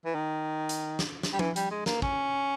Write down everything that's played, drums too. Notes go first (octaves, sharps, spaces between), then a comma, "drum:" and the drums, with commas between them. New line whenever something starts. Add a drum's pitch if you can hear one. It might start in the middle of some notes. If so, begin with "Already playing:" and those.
E3
D#3
drum: hi-hat
drum: snare
drum: snare
G3
E3, drum: tom F3
G3, drum: hi-hat
G#3
A#3, drum: snare
C#4, drum: kick